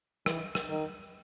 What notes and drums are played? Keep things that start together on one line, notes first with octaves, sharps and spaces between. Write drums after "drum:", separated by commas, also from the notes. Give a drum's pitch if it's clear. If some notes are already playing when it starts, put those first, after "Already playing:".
E3, drum: rim click
drum: rim click
D#3